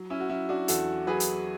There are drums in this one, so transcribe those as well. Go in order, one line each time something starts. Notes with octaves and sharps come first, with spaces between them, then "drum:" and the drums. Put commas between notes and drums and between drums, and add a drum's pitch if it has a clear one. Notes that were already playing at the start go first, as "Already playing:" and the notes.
Already playing: F#3
C#4 E4
F#4
F#3 C#4 E4
D4 F#4
E2 F#4 A4, drum: hi-hat
F#3 G#4 B4
drum: hi-hat